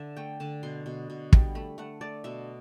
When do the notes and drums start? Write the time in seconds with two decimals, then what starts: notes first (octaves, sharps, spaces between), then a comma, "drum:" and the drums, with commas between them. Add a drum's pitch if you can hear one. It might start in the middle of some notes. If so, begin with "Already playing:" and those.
Already playing: D3 D5 E5
0.16 A3 G5
0.40 D3 A5
0.63 B2 C6
0.86 B2
1.10 B2
1.33 G3, drum: kick
1.55 A3 B5
1.78 A3 F#5
2.01 A3 D5
2.24 B2 E5